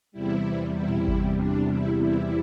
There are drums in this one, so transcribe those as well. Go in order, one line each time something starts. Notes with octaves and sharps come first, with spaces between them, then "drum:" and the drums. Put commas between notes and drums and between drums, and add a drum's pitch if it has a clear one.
E2 C3 G3 E4
E4
drum: tom A#2
drum: kick G1
D4
E4
E4